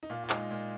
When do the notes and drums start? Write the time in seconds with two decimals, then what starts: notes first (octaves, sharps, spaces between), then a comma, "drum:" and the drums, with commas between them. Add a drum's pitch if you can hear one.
0.03 D#4
0.10 A#2 F4
0.24 F4
0.30 G#3 D#4, drum: clap
0.51 A#2